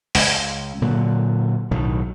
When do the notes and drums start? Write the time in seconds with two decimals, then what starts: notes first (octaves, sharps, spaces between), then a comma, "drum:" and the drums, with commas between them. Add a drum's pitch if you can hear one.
0.15 C#2, drum: open hi-hat
0.82 A#2 D3 F#3
1.71 B1 A2 D#3 F#3